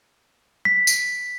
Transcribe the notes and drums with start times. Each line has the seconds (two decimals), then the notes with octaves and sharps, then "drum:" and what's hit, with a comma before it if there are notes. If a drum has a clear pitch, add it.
0.65 B6
0.87 drum: tambourine